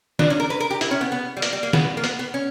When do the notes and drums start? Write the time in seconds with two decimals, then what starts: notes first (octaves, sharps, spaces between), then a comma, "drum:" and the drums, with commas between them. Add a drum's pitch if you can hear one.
0.19 D4, drum: snare
0.30 C#4
0.40 A#4
0.50 B4
0.60 A#4
0.70 G4
0.81 E4, drum: hi-hat
0.91 C#4
1.01 B3
1.12 B3
1.37 G3
1.42 A#3, drum: hi-hat
1.53 G3
1.63 A#3
1.73 B3, drum: snare
1.97 A#3
2.04 B3, drum: hi-hat
2.19 B3
2.34 C#4